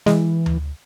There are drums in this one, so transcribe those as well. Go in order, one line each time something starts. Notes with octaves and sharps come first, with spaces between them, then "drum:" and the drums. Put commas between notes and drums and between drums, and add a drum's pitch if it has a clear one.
E3 G#3, drum: snare
drum: tom D2